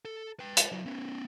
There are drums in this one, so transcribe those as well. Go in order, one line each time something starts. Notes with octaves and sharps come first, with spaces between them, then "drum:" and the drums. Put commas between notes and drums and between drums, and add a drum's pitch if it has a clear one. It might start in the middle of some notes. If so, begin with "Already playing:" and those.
A4
B4 G5
drum: hi-hat
F#3 E4
B3 C#4